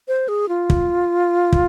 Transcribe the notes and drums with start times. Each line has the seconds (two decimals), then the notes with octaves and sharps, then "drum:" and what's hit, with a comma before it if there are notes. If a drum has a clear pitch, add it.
0.08 C5
0.28 G#4
0.49 F4
0.70 drum: kick
1.53 drum: kick